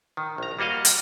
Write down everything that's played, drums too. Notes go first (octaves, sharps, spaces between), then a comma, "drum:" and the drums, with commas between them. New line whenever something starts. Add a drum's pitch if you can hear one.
D#3
A#1 A#5
G3 A#3 F#4 D#5 F5
drum: hi-hat